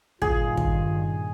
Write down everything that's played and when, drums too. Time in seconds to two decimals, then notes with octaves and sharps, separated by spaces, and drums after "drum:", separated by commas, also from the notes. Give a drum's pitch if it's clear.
0.22 G2 A#2 D#3 F4 G#4, drum: kick
0.57 drum: kick